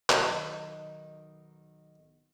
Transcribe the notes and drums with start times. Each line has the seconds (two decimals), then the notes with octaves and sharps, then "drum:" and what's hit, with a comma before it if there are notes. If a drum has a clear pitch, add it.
0.10 B1 D#3 D#4, drum: clap